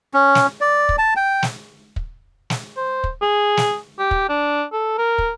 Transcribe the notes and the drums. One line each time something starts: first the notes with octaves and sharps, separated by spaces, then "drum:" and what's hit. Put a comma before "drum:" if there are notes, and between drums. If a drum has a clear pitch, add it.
C#4
drum: snare
D5
drum: kick
A5
G5
drum: snare
drum: kick
drum: snare
C5
drum: kick
G#4
drum: snare
G4
drum: kick
D4
A4
A#4
drum: kick